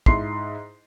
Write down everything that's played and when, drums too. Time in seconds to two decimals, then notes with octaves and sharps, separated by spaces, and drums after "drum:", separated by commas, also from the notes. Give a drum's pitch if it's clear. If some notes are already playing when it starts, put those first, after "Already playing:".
0.06 G#2 E4 C6 C7, drum: kick